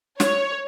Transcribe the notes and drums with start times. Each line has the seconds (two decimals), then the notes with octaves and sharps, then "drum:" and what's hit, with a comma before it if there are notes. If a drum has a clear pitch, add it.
0.20 C#5, drum: snare